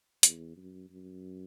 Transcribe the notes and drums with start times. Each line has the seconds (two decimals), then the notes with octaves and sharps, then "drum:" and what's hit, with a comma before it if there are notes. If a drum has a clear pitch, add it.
0.23 E2, drum: hi-hat
0.57 F#2
0.90 F#2